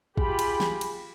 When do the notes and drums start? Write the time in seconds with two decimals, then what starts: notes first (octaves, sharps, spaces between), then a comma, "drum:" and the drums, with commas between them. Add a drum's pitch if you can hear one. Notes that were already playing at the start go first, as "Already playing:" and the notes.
0.17 F4 G4 G#4 B5, drum: kick
0.39 drum: cymbal
0.60 drum: snare
0.81 drum: cymbal